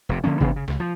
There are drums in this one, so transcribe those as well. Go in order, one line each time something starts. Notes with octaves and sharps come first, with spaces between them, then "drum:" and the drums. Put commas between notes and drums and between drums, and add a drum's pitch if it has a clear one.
F1 C3
D3 F3 A#3 C#4
C3 E3 B3 D4, drum: kick G1
C#3
C#2, drum: snare
F3